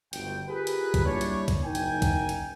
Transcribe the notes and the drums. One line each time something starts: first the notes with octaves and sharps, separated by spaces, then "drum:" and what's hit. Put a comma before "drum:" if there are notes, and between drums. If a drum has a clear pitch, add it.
G1 D2 G5, drum: hi-hat
F4 G4 G#4 A#4 B4
drum: hi-hat
drum: kick B1, hi-hat
G3 A#3 D4 E4 G4 C#5
drum: hi-hat
drum: kick B1, hi-hat
F#1 D#4 A#4 G5 G#5
drum: hi-hat
drum: kick B1, hi-hat
drum: hi-hat